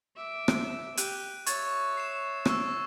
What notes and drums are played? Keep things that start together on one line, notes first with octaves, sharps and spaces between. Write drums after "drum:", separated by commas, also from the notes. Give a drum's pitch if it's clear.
E5 D6
drum: rim click
G4 F#6 D#7, drum: hi-hat
C#5 E5 C#6 G#6 A6, drum: hi-hat
C7 E7
C#6 E6, drum: rim click